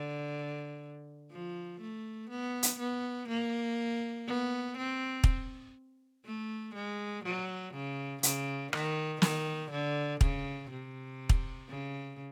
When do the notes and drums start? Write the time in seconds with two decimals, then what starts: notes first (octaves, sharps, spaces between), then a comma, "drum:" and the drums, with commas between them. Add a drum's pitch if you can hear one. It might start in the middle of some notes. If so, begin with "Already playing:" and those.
Already playing: D3
1.31 F3
1.81 A3
2.30 B3
2.63 drum: hi-hat
2.80 B3
3.29 A#3
4.27 B3
4.77 C4
5.24 drum: kick
6.26 A3
6.75 G#3
7.24 F#3
7.74 C#3
8.23 C#3, drum: hi-hat
8.73 D#3, drum: rim click
9.22 D#3, drum: snare
9.71 D3
10.21 C#3, drum: kick
10.71 C3
11.29 drum: kick
11.69 C#3